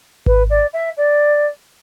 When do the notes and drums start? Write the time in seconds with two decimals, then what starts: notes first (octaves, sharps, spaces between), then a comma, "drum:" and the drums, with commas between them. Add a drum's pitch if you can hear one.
0.26 B4, drum: kick G#1
0.50 D5
0.73 E5
0.97 D5